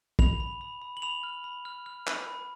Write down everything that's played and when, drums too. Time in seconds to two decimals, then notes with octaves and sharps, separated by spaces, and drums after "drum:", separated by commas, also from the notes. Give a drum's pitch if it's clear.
0.19 B5 F7, drum: kick
0.40 B5
0.61 B5
0.82 B5
0.97 F#7
1.02 B5 F7
1.23 F6
1.44 B5
1.65 F6
1.86 F6
2.07 B5, drum: clap
2.29 B5